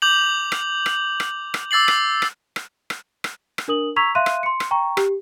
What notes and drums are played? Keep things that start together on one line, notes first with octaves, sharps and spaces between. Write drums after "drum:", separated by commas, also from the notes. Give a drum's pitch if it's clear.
D6 G6 F7 F#7
drum: rim click
drum: rim click
drum: rim click
drum: rim click
D6 E6 A6 C7 F#7
drum: rim click
drum: rim click
drum: rim click
drum: rim click
drum: rim click
drum: rim click
D4 A#4 D#6 F#7
A#5 C#6 E6 G#6 B6 F7
E5 F5 C6 F#6 D#7
drum: rim click
C6 C#7
drum: rim click
G5 A#5 C#6
G4, drum: rim click